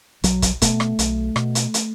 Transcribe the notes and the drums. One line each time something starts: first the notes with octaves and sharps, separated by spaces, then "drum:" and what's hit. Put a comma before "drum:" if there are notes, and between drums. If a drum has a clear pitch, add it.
B1 F#3, drum: hi-hat
drum: kick, hi-hat
B2 A3, drum: kick, hi-hat
drum: rim click
B1, drum: hi-hat
B2, drum: rim click
drum: hi-hat
drum: hi-hat